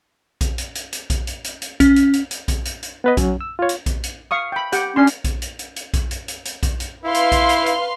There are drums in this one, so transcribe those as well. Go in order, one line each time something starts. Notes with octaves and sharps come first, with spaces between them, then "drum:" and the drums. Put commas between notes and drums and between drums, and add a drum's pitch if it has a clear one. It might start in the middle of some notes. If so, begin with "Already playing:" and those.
drum: kick A#1, hi-hat
drum: hi-hat
drum: hi-hat
drum: hi-hat
drum: kick A#1, hi-hat
drum: hi-hat
drum: hi-hat
drum: hi-hat
C#4, drum: kick A#1, hi-hat
drum: hi-hat
drum: hi-hat
drum: hi-hat
drum: kick A#1, hi-hat
drum: hi-hat
drum: hi-hat
B3 B4 D#5
F#3 C#4, drum: kick A#1, hi-hat
E6
F4 C#5
drum: hi-hat
drum: kick A#1, hi-hat
drum: hi-hat
F5 C#6 D#6
G5 B5
G4 F#5 G5, drum: hi-hat
C#4 D4 C6
drum: hi-hat
drum: kick A#1, hi-hat
drum: hi-hat
drum: hi-hat
drum: hi-hat
drum: kick A#1, hi-hat
drum: hi-hat
drum: hi-hat
drum: hi-hat
drum: kick A#1, hi-hat
drum: hi-hat
E4 B4 F5 C6
drum: hi-hat
drum: kick A#1, hi-hat
drum: hi-hat
drum: hi-hat